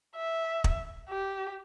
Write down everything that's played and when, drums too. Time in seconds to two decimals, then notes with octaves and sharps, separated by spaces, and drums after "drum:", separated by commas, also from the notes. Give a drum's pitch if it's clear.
0.15 E5
0.64 drum: kick
1.09 G4